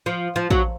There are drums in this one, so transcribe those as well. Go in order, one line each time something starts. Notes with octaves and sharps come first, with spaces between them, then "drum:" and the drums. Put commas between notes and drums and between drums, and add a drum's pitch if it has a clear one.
F3
F3
F#3, drum: kick A#1